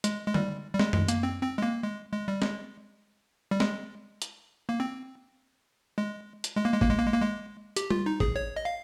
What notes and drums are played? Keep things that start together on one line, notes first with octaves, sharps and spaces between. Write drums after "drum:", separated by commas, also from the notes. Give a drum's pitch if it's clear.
G#3, drum: hi-hat
G#3
G3, drum: tom
G3
G#3, drum: snare
G#3, drum: tom F#2
A#3, drum: hi-hat
C4
C4
G#3
A#3
G#3
G#3
G3
G#3, drum: snare
G3
G#3, drum: snare
drum: hi-hat
A#3
C4
G#3
drum: hi-hat
G#3
A#3
G#3
A#3, drum: kick G#1
G#3
A#3
G#3
A#3
G#3
G4, drum: hi-hat
F4, drum: tom G3
D#4
G#4, drum: kick G#1
C#5
D#5
F5